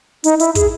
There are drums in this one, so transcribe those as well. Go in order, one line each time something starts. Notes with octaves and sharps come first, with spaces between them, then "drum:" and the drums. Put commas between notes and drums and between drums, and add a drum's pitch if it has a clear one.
D#4, drum: hi-hat
E4, drum: hi-hat
G#4, drum: kick, hi-hat